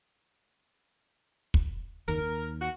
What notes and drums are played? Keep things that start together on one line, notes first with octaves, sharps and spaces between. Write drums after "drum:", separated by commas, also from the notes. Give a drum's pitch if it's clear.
drum: kick
F#1 D#2 D#3 A#4
D#2
F#4